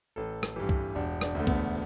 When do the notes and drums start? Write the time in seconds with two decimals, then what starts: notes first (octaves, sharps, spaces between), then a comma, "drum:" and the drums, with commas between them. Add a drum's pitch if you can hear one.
0.16 A1 A4
0.43 drum: rim click
0.56 G2 E3 G4
0.69 drum: kick C2
0.95 E1 D4
1.21 D4, drum: rim click
1.35 D2 D3 A3
1.47 B3, drum: kick C2, cymbal